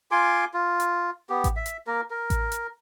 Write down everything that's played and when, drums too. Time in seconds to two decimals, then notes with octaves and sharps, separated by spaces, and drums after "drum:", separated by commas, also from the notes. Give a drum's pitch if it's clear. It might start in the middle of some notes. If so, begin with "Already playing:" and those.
0.11 F4 G#5 C6 D6
0.54 F4
0.80 drum: hi-hat
1.30 B3 G4
1.44 drum: kick A1, hi-hat
1.56 E5
1.66 drum: hi-hat
1.87 A#3 A#4
2.10 A#4
2.30 drum: kick A1, hi-hat
2.52 drum: hi-hat